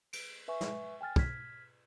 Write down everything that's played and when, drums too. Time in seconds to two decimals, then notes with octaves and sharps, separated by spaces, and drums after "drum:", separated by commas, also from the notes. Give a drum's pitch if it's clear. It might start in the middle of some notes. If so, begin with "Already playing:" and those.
0.13 D7, drum: cymbal
0.48 B4 E5 G#5 C#6
0.61 drum: snare
1.01 G5 G#5 F6 A6
1.16 F6 G#6 B6, drum: kick